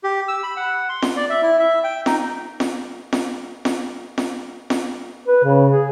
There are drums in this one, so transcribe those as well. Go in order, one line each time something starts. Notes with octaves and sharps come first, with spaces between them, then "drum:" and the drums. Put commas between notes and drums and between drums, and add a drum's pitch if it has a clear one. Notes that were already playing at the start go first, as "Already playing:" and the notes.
G4
E6
B5
F#5
C6
drum: snare F4
D5
E5
E4
E5
G5
D#4, drum: snare F4
drum: snare F4
drum: snare F4
drum: snare F4
drum: snare F4
drum: snare F4
B4
C#3
G#4